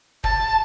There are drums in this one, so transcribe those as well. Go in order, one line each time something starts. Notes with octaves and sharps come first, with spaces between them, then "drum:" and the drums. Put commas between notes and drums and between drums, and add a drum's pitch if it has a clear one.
A5, drum: kick